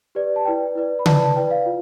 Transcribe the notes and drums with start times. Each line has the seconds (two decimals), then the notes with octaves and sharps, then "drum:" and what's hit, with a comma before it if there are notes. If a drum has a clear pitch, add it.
0.15 G4 B4 D5
0.36 A5
0.45 E4 B4 D5 G5
0.75 E4 B4 D5
0.99 B5
1.06 E4 B4 D5 A5, drum: tom C#3
1.21 A5
1.36 E4 B4 D5 G5
1.51 F5
1.66 F4